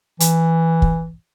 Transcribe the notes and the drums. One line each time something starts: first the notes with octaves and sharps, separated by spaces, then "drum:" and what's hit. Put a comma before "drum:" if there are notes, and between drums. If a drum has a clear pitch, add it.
E3, drum: hi-hat
drum: kick